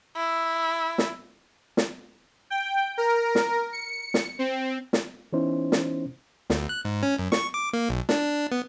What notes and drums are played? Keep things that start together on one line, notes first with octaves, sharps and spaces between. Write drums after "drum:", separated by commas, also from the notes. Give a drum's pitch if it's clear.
E4
drum: snare
drum: snare
G5
A#4
drum: snare
C#7
drum: snare
C4
drum: snare
E3 B3 C#4 D#4 E4 C5
drum: snare
D2, drum: snare
F#6
G#2
C#4
F#2
C#6, drum: snare
D6
A#3
B1
D4, drum: snare
B3